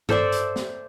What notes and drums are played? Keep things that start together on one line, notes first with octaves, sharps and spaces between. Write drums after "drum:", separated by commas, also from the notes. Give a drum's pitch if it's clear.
A4 C5 D5 E5, drum: tom G2
drum: hi-hat
drum: snare